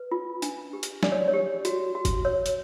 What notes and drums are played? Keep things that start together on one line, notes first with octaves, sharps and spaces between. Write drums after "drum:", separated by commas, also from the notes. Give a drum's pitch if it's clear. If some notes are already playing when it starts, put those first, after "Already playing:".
Already playing: B4
F4
D4, drum: hi-hat
G4
drum: hi-hat
D4 D5, drum: snare
C#5
C#5
G4
F#4, drum: hi-hat
F#4
drum: kick G1, hi-hat
C#5
drum: hi-hat